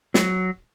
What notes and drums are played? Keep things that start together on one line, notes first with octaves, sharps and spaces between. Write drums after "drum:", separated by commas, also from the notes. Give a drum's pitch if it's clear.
F#3, drum: snare